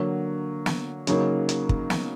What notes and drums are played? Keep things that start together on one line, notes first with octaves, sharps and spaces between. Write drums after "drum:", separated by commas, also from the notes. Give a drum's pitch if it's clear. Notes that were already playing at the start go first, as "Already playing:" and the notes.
Already playing: D3 F#3 A#3
drum: snare
C#3 F#3 A#3 D#4, drum: hi-hat
drum: hi-hat
drum: kick
drum: snare